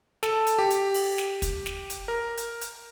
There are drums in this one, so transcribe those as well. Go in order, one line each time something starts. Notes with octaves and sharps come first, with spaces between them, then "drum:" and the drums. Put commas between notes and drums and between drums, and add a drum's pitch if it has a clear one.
A4, drum: snare
drum: hi-hat
G4
drum: hi-hat
drum: open hi-hat
drum: snare
drum: kick, hi-hat
drum: snare
drum: hi-hat
A#4
drum: hi-hat
drum: hi-hat